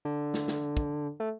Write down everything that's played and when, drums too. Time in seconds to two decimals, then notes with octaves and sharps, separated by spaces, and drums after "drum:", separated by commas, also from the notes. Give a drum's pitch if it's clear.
0.05 D3
0.34 drum: snare
0.48 drum: snare
0.77 drum: kick
1.20 A3